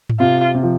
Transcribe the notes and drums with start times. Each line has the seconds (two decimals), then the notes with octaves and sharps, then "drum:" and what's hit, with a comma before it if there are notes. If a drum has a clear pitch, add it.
0.09 drum: tom G#2
0.20 C3 F4
0.54 C3
0.63 F3